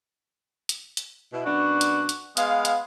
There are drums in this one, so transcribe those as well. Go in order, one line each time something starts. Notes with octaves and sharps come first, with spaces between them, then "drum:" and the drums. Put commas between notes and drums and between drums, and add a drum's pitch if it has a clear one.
drum: hi-hat
drum: hi-hat
B2 E4
F#2 B3 D4 F#4
drum: hi-hat
drum: hi-hat
G#3 B3 F5, drum: hi-hat
drum: hi-hat